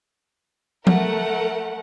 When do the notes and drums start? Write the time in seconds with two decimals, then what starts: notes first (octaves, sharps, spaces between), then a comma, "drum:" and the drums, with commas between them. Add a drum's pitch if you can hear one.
0.87 A3 A#4 F#5, drum: tom F3